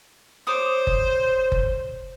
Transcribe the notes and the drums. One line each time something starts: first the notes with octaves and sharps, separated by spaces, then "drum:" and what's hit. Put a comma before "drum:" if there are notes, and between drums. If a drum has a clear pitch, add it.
C5 C#5 D6 D#6
drum: kick F#1
drum: kick F#1